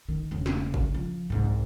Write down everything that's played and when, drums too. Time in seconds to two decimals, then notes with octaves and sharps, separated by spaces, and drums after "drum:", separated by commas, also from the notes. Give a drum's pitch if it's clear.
0.09 D#3
0.31 E1 C#3
0.46 drum: snare
0.74 drum: kick
0.95 F3
1.30 C2 G#2